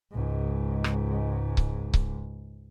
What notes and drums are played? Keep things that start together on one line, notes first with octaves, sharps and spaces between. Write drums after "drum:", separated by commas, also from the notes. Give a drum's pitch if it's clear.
C#2 G#2
drum: rim click
drum: kick C#1
drum: kick C#1